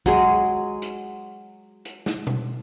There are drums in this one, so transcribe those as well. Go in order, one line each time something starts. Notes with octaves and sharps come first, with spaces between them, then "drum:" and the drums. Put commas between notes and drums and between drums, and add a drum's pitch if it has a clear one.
F#3 G#3 G#4, drum: kick
drum: hi-hat
drum: hi-hat
drum: snare
drum: tom B2